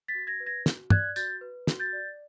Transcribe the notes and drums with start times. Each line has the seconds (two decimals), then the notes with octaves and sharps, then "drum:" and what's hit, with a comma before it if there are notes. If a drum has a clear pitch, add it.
0.08 A6 B6
0.15 F#4
0.27 G#6 A#6
0.40 B4
0.46 G#6 A#6
0.66 F#4, drum: snare
0.90 D5 F#6 G#6, drum: tom
1.16 F#4 G6 A6, drum: tambourine
1.41 B4
1.67 F#4, drum: snare
1.79 G6 A6
1.93 D5